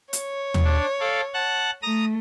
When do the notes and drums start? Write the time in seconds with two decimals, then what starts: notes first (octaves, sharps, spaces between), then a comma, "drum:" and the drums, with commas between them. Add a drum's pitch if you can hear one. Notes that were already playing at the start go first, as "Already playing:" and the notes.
0.13 C#5, drum: hi-hat
0.54 drum: tom D#2
0.65 D4
1.00 A4 D5 F5
1.34 F#5 A5 F#6
1.82 A3 A#5 D#6 A#6